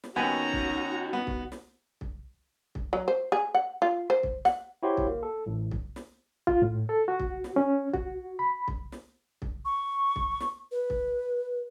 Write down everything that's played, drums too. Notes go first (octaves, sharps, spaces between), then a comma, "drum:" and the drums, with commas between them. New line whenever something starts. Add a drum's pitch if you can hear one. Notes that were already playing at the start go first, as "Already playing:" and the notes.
drum: snare
D#2 B3 C#4 D#4 F#4 G#5 A#5
drum: kick
B3
drum: kick
drum: snare
drum: kick
drum: kick
F#3
C5
G#4
F#5
F4
C5
drum: kick
F#5, drum: snare
E4 F#4 G4 C5 C#5 C6
drum: kick
A#3
A4
A1 A2
drum: kick
drum: snare
F4, drum: kick
A2
A4
F#4
drum: kick
drum: snare
C#4
F#4, drum: kick
B5
drum: kick
drum: snare
drum: kick
C#6
drum: kick
drum: snare
B4
drum: kick